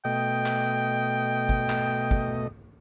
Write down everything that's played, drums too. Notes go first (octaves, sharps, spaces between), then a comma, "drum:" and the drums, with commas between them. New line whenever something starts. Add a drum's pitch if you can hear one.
B2 A3 D#5 G5
drum: clap
drum: kick
drum: clap
drum: kick